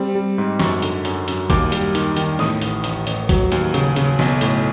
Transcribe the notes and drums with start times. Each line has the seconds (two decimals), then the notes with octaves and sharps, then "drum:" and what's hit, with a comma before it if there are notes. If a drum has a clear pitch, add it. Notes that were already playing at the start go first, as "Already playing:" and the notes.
Already playing: G3 C4
0.15 G3
0.38 G#2
0.60 F#2 C#6, drum: snare
0.82 D3, drum: hi-hat
1.05 F#2, drum: hi-hat
1.28 F#2, drum: hi-hat
1.50 D#2 D6, drum: kick, hi-hat
1.72 G3, drum: hi-hat
1.95 D#3, drum: hi-hat
2.17 D#3, drum: hi-hat
2.39 A2 D#6, drum: snare
2.61 A1, drum: hi-hat
2.84 A1 D#6, drum: hi-hat
3.07 A1, drum: hi-hat
3.29 F#3, drum: kick, hi-hat
3.52 D#2, drum: hi-hat
3.74 C#3, drum: hi-hat
3.96 C#3, drum: hi-hat
4.19 B1, drum: snare
4.41 A2, drum: hi-hat